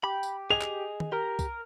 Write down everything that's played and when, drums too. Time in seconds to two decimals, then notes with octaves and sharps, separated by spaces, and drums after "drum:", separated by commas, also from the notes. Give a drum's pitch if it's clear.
0.04 G4 B5
0.23 drum: tambourine
0.50 G#4 D#5 G#5 F7
0.62 drum: clap
1.00 drum: tom D#3
1.12 G4 A#4
1.39 drum: kick C2, tambourine